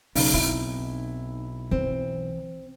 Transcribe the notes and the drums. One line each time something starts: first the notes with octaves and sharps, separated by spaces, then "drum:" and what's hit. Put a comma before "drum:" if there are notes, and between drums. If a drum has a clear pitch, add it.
B1 C#3 D#4, drum: open hi-hat
C4 E4
E3 C4